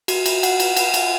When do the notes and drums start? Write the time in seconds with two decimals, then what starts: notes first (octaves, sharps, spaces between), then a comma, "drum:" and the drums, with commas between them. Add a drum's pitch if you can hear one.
0.08 F#4, drum: cymbal
0.26 drum: cymbal
0.43 F#5, drum: cymbal
0.60 drum: cymbal
0.76 F#5, drum: cymbal
0.94 drum: cymbal